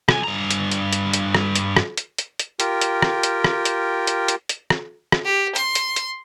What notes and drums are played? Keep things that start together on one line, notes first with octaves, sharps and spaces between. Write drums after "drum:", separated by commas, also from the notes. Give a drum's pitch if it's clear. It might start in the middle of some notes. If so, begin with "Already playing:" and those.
C2 G#5, drum: rim click
G2 A#5
drum: hi-hat
drum: hi-hat
drum: hi-hat
drum: hi-hat
drum: rim click
drum: hi-hat
drum: rim click
drum: hi-hat
drum: hi-hat
drum: hi-hat
F4 G4 A#4 G5, drum: hi-hat
drum: hi-hat
drum: rim click
drum: hi-hat
drum: rim click
drum: hi-hat
drum: hi-hat
drum: hi-hat
drum: hi-hat
drum: rim click
drum: rim click
G4
C6, drum: hi-hat
drum: hi-hat
drum: hi-hat